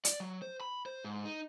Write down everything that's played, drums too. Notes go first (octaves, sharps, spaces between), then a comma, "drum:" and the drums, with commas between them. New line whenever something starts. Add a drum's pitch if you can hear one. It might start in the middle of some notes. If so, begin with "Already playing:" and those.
D5, drum: hi-hat
F#3
C5
B5
C5
G#2
D#4